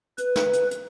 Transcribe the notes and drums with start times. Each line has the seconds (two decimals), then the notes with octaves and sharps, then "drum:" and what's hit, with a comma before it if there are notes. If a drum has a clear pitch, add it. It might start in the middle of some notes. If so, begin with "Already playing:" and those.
0.18 B4, drum: hi-hat
0.36 drum: snare
0.53 drum: hi-hat
0.71 drum: hi-hat